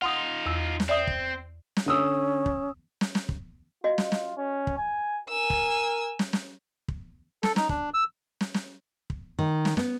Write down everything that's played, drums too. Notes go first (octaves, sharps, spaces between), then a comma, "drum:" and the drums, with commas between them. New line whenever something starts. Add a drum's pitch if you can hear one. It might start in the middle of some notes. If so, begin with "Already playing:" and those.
D#4 F4 F#5 C6 D#6
E2 E6
drum: snare
C4 D5 E5 D#6
drum: kick
drum: snare
D3 C#4 D#6 E6
drum: kick
drum: snare
drum: snare
drum: kick
F4 F#4 D#5
drum: snare
drum: snare
C#4
drum: kick
G#5
A#4 G#5 E6
drum: kick
drum: snare
drum: snare
drum: kick
A4, drum: snare
D#4, drum: snare
D4, drum: kick
E6
drum: snare
drum: snare
drum: kick
D#3
drum: snare
B3, drum: snare